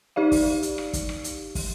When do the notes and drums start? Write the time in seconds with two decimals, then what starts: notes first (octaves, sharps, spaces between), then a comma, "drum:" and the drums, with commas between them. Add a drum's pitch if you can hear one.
0.16 D#4 G4 D5 F5
0.32 drum: kick, open hi-hat
0.63 drum: hi-hat
0.78 drum: rim click
0.93 drum: kick, hi-hat
1.09 drum: rim click
1.24 drum: hi-hat
1.55 drum: kick, open hi-hat